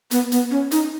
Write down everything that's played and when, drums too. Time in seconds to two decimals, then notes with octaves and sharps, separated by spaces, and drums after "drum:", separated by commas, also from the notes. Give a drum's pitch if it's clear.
0.11 B3, drum: hi-hat
0.32 B3, drum: hi-hat
0.51 C#4
0.71 D#4, drum: hi-hat